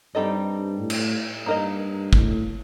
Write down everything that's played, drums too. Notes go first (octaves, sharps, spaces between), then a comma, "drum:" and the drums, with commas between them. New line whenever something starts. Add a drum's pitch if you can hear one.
G2 G3 C4 D#4 A4 D#5
A2
drum: cymbal
G2 A#3 D#4 A#4 D#5
A2, drum: kick G1